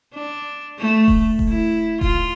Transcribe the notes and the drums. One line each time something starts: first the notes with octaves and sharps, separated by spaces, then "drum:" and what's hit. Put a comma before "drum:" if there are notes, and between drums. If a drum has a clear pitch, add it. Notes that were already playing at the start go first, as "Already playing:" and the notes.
D4
A3
drum: kick E1
drum: kick E1
E4
F4, drum: kick E1